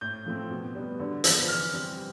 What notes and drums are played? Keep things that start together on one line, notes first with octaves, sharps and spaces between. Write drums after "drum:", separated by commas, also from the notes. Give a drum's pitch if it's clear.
A2 G6
F3 A3 C4
B2
G3 B3
D3
F3 B3 D4, drum: hi-hat
E3 F6
G3 C4